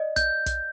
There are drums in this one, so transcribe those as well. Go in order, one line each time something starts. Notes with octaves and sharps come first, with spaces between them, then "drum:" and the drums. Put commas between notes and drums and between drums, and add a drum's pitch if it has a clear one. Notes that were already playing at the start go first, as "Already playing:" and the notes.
Already playing: D5 D#5
G6, drum: kick, hi-hat
drum: kick, hi-hat